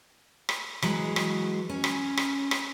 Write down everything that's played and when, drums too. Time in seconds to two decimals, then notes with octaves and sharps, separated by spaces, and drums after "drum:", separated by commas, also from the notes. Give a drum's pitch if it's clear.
0.49 drum: rim click
0.82 E3 F#3 G#3, drum: rim click
1.16 drum: rim click
1.70 C#4
1.84 drum: rim click
2.17 drum: rim click
2.51 drum: rim click